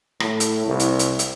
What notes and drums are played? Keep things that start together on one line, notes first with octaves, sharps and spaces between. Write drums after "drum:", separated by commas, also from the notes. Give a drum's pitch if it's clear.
A2, drum: rim click
drum: hi-hat
C2
drum: hi-hat
drum: hi-hat
drum: hi-hat